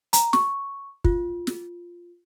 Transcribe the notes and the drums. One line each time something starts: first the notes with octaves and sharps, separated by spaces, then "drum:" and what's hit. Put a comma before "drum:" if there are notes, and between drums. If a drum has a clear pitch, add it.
A#5, drum: hi-hat
C#6, drum: snare
F4, drum: kick
drum: snare